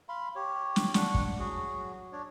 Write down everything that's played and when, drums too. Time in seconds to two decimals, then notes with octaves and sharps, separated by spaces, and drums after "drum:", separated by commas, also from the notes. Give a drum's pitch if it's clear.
0.09 F5 B5 C6
0.36 G4 C#5
0.76 drum: snare
0.94 D4 F#5 C#6, drum: snare
1.14 drum: kick
1.40 F#3 F#4 G#4
2.12 D4 C#5 D5